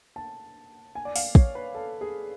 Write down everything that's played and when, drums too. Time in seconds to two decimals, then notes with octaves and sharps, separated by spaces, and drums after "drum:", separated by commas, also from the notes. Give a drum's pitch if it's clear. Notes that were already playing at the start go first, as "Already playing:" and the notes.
0.16 A5
0.95 G#5
1.05 D5
1.16 F5, drum: open hi-hat
1.35 C#5, drum: kick
1.55 B4
1.75 A4
2.01 G#4